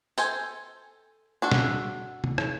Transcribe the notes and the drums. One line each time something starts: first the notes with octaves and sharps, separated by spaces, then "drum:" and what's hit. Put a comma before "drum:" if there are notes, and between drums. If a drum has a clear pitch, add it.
A4 C5 G#5, drum: tambourine
D4 F#4 A4
drum: snare
drum: tom C3
drum: rim click